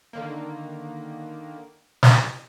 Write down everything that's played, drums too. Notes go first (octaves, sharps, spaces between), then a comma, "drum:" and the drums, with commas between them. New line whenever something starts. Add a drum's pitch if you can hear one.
D3 D#3 A#3
drum: snare